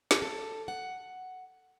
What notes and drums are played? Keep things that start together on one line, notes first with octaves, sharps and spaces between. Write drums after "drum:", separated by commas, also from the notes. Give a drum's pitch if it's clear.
drum: snare
A4
F#5